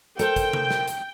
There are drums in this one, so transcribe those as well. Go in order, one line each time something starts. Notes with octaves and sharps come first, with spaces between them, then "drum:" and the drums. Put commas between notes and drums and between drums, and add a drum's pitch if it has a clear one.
A4 A#4 C5 G5, drum: hi-hat
drum: kick, hi-hat
drum: tom C3
drum: snare
drum: hi-hat